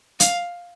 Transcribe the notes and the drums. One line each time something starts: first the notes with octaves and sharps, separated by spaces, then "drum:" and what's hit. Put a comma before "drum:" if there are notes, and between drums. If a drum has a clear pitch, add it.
F5, drum: hi-hat